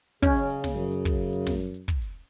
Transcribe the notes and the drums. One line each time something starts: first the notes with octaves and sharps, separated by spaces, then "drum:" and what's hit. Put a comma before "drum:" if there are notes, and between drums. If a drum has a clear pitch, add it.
C#3 C#4, drum: kick, hi-hat
drum: hi-hat
drum: hi-hat
drum: snare
F#2, drum: hi-hat
drum: hi-hat
drum: kick, hi-hat
drum: hi-hat
drum: snare
drum: hi-hat
drum: hi-hat
drum: kick, hi-hat
drum: hi-hat